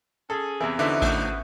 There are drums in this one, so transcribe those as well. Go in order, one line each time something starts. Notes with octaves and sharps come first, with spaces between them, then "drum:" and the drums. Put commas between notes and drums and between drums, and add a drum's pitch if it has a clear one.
C#4 G#4 A4
E2 C3 E3
D3 F3 B3 C#4 D#4 E5 D6
A3, drum: kick A1